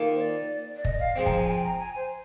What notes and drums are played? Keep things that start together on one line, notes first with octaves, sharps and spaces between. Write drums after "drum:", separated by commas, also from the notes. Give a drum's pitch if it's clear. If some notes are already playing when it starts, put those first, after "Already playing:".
Already playing: D#3 A#3 F4
C5
D5
D5
D#5, drum: kick
F5
F3 G#3 C4 G5
A#5, drum: kick
G#5
G5
A#5
G#5
C5